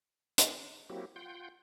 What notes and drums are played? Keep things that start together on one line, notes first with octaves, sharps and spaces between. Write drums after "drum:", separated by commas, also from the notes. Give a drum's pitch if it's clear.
drum: hi-hat
F#3 A#3 C4 E4 F#4 G4
F4 F#5 G5 C6 G6